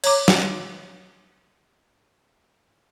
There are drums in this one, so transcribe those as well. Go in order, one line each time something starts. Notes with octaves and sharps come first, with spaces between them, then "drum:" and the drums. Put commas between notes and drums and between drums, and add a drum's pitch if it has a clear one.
C#5 A#5 D6, drum: cymbal
drum: snare